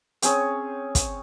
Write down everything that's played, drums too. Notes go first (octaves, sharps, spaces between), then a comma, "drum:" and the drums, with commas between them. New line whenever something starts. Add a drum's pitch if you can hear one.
C4 C#4 G#4 C#5, drum: hi-hat
drum: kick, hi-hat